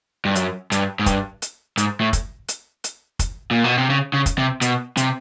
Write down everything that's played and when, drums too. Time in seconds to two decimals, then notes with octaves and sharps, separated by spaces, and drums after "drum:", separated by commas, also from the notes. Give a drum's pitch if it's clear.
0.25 G2
0.35 F#2, drum: hi-hat
0.72 G2, drum: hi-hat
0.99 G#2
1.06 G2, drum: kick, hi-hat
1.42 drum: hi-hat
1.77 G#2, drum: hi-hat
2.01 A2
2.13 drum: kick, hi-hat
2.48 drum: hi-hat
2.84 drum: hi-hat
3.19 drum: kick, hi-hat
3.51 A#2
3.64 B2
3.78 C3
3.90 C#3
4.14 C#3
4.26 drum: kick, hi-hat
4.38 C3
4.61 B2, drum: hi-hat
4.97 C3, drum: hi-hat